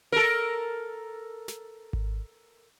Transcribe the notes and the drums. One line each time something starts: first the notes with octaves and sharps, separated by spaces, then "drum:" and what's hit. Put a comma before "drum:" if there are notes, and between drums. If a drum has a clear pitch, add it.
A4 A#4
drum: snare
drum: kick G#1